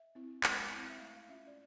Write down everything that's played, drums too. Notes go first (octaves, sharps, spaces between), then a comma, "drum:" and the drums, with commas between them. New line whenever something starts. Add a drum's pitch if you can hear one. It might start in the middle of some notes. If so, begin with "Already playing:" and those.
Already playing: E5
C4 E4
G#3, drum: clap
C4 E4
E5
A3 F5
F5
C#4 F4 E5
D5